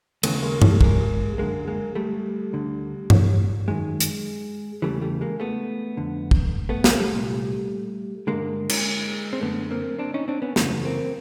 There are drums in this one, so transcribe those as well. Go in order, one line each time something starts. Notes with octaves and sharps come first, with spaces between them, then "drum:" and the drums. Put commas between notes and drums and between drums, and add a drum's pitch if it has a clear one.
D#2 C#3 E3 A3 B3, drum: cymbal
G#3 A#3
G3 A3, drum: tom G2
G#3 A#3, drum: kick
F#2 D3 G#3 A#3
G#3 A#3
G3 A3
D2 D3
drum: tom G2
F#2 D#3 G#3
drum: hi-hat
E2 C#3 E3 G3 A3
G3 A3
G#3 A#3
A3 B3
F2 D3
drum: kick
A3 B3
G#3 A#3, drum: snare
G3 A3
C2 A#2
G2 D3 G#3 A#3
drum: cymbal
C4
F#2 D3 A3 B3
A#3 C4
C4 D4
C#4 D#4
C4 D4
B3 C#4
F#2 C#3 E3 A3 B3, drum: snare
A#3 C4